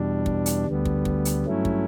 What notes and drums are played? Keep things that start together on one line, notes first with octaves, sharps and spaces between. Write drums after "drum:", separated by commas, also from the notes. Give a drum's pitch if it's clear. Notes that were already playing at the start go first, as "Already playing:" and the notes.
Already playing: E2 B2 G3 D4
drum: kick
drum: hi-hat
D2 D3 G3 B3
drum: kick
drum: kick
drum: hi-hat
G2 F#3 A3 C#4 E4
drum: kick